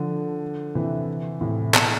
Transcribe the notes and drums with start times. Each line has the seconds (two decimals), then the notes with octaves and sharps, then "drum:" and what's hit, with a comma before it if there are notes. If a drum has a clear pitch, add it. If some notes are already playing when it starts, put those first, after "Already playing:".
Already playing: D3 F3
0.75 C3 E3
1.41 A2 C3
1.74 B2, drum: clap